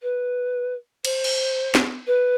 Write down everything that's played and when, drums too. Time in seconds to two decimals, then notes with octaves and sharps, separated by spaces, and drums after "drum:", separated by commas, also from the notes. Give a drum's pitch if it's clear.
0.02 B4
1.05 C5, drum: cymbal
1.24 drum: cymbal
1.75 drum: snare
2.07 B4